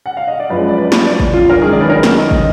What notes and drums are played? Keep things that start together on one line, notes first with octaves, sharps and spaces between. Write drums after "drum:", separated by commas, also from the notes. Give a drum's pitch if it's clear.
F#5
F5
D#5
D5
F#2 F3 G#3 B4
D5
B4
drum: snare
D5
drum: kick
F4
A#4
F#2 D#3 G#3 G#4
D5
B4
A#4
drum: snare
D#5
drum: kick